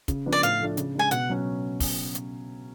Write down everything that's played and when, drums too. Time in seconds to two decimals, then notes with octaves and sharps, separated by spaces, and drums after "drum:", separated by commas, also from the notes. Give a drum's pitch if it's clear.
0.08 C#3, drum: kick, hi-hat
0.26 F3 B3 D4
0.32 D5
0.43 A2 F5, drum: hi-hat
0.61 F3 A3 D4
0.77 C#3, drum: hi-hat
0.95 G#3 D4 G#5
1.11 B2 F#5, drum: hi-hat
1.29 F#3 C#4
1.80 drum: kick, open hi-hat
2.15 drum: hi-hat